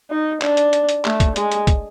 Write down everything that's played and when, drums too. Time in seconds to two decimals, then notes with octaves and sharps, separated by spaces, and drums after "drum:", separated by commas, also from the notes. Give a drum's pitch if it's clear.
0.10 D#4
0.42 D4, drum: clap
0.57 drum: hi-hat
0.73 drum: hi-hat
0.89 drum: hi-hat
1.05 A3, drum: clap
1.20 drum: kick, hi-hat
1.36 G#3, drum: hi-hat
1.52 drum: hi-hat
1.67 drum: kick, hi-hat